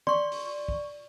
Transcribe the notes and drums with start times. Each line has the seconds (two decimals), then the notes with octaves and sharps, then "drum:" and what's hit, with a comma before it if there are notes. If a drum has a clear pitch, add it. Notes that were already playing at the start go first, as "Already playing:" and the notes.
0.07 D5 C6 C#6, drum: tom
0.32 drum: open hi-hat
0.68 drum: kick A#1